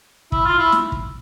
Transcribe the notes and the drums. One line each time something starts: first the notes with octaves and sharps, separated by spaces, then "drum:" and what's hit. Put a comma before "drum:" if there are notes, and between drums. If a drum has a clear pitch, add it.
E4, drum: kick
F4
E4
drum: snare
drum: kick